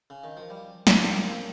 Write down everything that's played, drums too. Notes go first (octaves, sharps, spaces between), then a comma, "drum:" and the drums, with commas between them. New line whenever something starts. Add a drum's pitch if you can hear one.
C#3
D#3
F3
G3
drum: snare
A#3
C4